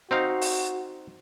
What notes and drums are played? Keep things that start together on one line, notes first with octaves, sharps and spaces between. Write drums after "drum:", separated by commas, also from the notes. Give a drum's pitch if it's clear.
C4 D#4 F#4 F5
drum: open hi-hat